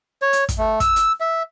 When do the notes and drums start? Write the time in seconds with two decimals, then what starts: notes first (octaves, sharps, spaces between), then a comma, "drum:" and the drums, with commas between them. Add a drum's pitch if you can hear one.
0.22 C#5
0.33 drum: hi-hat
0.49 drum: kick, hi-hat
0.58 A3
0.80 E6, drum: kick, hi-hat
0.96 drum: hi-hat
1.20 E5